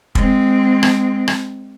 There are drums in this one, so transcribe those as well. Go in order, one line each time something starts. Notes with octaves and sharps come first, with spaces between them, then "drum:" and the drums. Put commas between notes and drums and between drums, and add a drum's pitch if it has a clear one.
G#3 C4, drum: kick
drum: rim click
drum: rim click